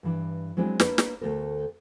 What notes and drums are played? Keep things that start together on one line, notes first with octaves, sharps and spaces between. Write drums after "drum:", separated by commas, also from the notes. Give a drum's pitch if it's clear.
G2 E3 D4
F#3 G#3 C4 D4 E4
A#3 D4 A#4 B4, drum: snare
drum: snare
D2 A3 A4 A#4